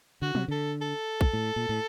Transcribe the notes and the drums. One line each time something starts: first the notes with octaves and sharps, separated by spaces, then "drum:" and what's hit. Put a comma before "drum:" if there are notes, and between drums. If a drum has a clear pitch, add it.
D3 F#4
C3, drum: tom
D3 A4
A4
drum: kick
A2
A#2
A2